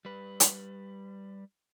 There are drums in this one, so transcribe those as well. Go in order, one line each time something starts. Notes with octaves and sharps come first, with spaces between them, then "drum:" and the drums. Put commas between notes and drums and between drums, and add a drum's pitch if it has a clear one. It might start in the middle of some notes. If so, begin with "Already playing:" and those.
G3 B4
drum: hi-hat